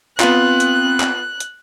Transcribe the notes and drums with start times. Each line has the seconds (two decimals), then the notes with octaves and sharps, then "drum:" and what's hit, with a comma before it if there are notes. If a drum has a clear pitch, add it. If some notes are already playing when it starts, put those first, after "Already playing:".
0.20 B3 C4 F4 F#6, drum: clap
0.60 drum: hi-hat
1.00 drum: clap
1.40 drum: hi-hat